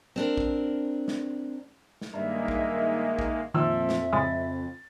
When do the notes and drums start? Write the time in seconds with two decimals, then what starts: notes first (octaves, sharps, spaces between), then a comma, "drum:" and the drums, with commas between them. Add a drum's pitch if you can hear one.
0.16 C4 D4 A#4
0.38 drum: kick A#1
1.08 drum: snare
2.01 drum: snare
2.14 G2 D#3 G#3 A#3 E5
2.48 drum: kick A#1
3.19 drum: kick A#1
3.54 F2 A#2 D#3 F3 E5 E6
3.89 drum: snare
4.12 A2 C#3 G#3 B5 A6